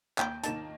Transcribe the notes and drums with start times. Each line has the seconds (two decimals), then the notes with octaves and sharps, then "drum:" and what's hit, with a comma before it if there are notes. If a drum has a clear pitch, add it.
0.18 D#2 G5, drum: clap
0.44 D#3 A#3 D#4 A5, drum: hi-hat